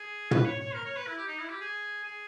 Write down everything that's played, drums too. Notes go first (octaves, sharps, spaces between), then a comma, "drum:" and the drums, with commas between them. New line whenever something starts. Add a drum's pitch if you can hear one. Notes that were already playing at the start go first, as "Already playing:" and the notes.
Already playing: G#4
B4, drum: tom
C#5
C#5
A#4
C#5
B4
E4
G4
D#4
E4
G4
G#4
G#4